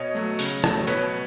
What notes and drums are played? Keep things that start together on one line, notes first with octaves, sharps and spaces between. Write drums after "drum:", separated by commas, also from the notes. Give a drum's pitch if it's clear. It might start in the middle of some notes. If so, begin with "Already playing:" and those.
Already playing: B2 C#5 D#5
F#3 A3
C#3, drum: open hi-hat
F#3 A3, drum: rim click
B2 B4 C#5, drum: hi-hat